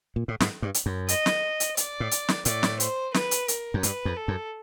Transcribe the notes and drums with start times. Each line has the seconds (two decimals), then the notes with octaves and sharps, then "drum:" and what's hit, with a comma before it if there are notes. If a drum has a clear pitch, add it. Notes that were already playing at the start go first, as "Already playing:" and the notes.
0.16 A#2
0.28 A2
0.40 G#2, drum: snare
0.62 G2
0.74 drum: hi-hat
0.86 F#2
1.08 D#5, drum: hi-hat
1.26 drum: snare
1.60 drum: hi-hat
1.77 D5, drum: hi-hat
2.00 A2
2.11 drum: hi-hat
2.29 drum: snare
2.45 A2 D5, drum: hi-hat
2.63 drum: snare
2.80 C5, drum: hi-hat
3.14 B4, drum: snare
3.31 drum: hi-hat
3.48 A#4, drum: hi-hat
3.74 F#2
3.83 G2 B4, drum: hi-hat
4.05 F2
4.16 A4
4.28 F#2